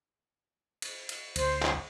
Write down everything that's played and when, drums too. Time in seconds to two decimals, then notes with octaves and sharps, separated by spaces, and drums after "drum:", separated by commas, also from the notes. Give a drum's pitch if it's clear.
0.82 drum: cymbal
1.09 drum: cymbal
1.36 D2 C5, drum: cymbal
1.63 drum: clap